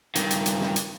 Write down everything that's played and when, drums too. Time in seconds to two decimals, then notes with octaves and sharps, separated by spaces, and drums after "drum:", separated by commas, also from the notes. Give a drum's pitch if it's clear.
0.15 G2 D#3, drum: hi-hat
0.31 drum: hi-hat
0.46 drum: hi-hat
0.61 drum: snare
0.76 drum: hi-hat